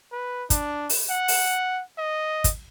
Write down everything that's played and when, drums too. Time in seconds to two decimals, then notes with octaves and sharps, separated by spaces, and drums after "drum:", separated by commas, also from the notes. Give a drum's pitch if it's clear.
0.12 B4
0.50 D4, drum: kick, hi-hat
0.89 drum: open hi-hat
1.10 F#5
1.28 drum: open hi-hat
1.98 D#5
2.44 drum: kick, hi-hat